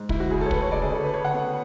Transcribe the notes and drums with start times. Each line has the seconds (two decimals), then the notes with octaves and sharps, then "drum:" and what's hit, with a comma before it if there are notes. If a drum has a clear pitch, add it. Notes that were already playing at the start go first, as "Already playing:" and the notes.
Already playing: G#2
0.09 D2 E4, drum: kick
0.20 F#4
0.30 D2 G#4
0.41 A4
0.46 C#5
0.51 D2 B4, drum: kick
0.62 C#5
0.72 C#3 D5
0.82 G#4
0.93 D2 A4
1.03 B4
1.14 D2 C#5
1.25 F#5
1.34 B3